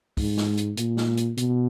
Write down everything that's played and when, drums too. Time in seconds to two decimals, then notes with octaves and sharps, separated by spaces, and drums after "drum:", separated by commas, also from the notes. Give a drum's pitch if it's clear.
0.17 G#2, drum: kick, open hi-hat
0.37 drum: snare
0.57 drum: hi-hat
0.77 A#2, drum: hi-hat
0.97 drum: snare
1.17 drum: hi-hat
1.37 B2, drum: hi-hat